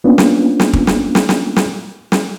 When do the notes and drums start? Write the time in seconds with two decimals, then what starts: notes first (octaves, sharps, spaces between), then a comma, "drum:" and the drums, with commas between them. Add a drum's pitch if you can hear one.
0.04 A#3 B3 C#4 D4 F4
0.18 drum: snare
0.60 drum: snare
0.73 drum: kick
0.87 drum: snare
1.15 drum: snare
1.29 drum: snare
1.56 drum: snare
2.12 drum: snare